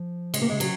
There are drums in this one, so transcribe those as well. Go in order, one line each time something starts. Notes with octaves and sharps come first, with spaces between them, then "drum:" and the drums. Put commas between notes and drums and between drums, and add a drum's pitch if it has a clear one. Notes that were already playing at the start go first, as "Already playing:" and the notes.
Already playing: F3
C#3 G#3, drum: cymbal
A#3
C#3 G#3
F#3, drum: cymbal